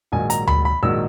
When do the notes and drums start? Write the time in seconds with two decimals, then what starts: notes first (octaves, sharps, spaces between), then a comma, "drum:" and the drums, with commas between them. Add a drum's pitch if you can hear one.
0.12 A#1 G#2 D#3 F#3 G#5
0.30 A#5, drum: hi-hat
0.48 B5, drum: tom D2
0.65 B5
0.83 A#1 G#2 D#3 F#3 E6